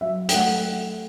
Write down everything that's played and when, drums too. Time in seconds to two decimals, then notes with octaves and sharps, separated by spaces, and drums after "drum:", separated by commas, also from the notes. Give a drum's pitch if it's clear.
0.01 F#3 E5
0.29 G5, drum: hi-hat
0.34 A3 F#5